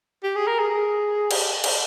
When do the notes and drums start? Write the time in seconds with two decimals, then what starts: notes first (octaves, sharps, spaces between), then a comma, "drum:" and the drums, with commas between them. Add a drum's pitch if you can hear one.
0.24 G4
0.36 G#4
0.47 A#4
0.60 G#4
1.31 G4, drum: cymbal
1.64 drum: cymbal